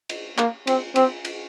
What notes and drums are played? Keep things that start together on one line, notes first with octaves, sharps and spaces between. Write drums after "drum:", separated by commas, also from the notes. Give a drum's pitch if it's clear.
drum: cymbal
A#3, drum: clap
C4, drum: cymbal
C4, drum: cymbal
drum: cymbal